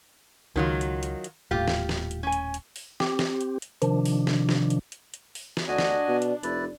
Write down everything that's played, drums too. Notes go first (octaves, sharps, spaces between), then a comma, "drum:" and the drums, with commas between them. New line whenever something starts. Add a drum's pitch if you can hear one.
C#2 D#3 F#3 F4
drum: hi-hat
drum: hi-hat
drum: hi-hat
D#1 A2 F4 G4 F5
drum: snare
drum: snare
drum: hi-hat
C#4 G#5
drum: hi-hat
drum: hi-hat
drum: open hi-hat
C4 G4, drum: snare
drum: snare
drum: hi-hat
drum: hi-hat
C3 D#3 F3 D4, drum: hi-hat
drum: open hi-hat
drum: snare
drum: snare
drum: hi-hat
drum: hi-hat
drum: hi-hat
drum: open hi-hat
drum: snare
D2 D4 F#4 D#5 G#5
drum: snare
B2
drum: hi-hat
F1 E4 B4 D5, drum: hi-hat